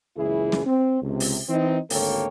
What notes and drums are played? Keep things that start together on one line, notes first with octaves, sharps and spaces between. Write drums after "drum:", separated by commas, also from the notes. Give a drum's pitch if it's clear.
F#1 C#2 E3 E4 G#4
drum: snare
C4
C#2 C3
drum: open hi-hat
E3 C4 D#4
G#1 D2 A#3 A4 C#5 G5, drum: open hi-hat